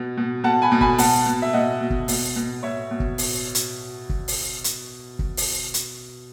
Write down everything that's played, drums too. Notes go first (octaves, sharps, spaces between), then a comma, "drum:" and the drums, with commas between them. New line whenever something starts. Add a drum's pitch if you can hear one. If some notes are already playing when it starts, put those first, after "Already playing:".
Already playing: B2
B2
B2 F#5 A5
G#5 B5
B2
G#5 B5, drum: kick
B2 F#5 A5, drum: open hi-hat
B2
E5
B2 D#5 F#5
B2
drum: kick
B2, drum: open hi-hat
B2
B2 C#5 E5
B2
drum: kick
drum: open hi-hat
drum: hi-hat
drum: kick
drum: open hi-hat
drum: hi-hat
drum: kick
drum: open hi-hat
drum: hi-hat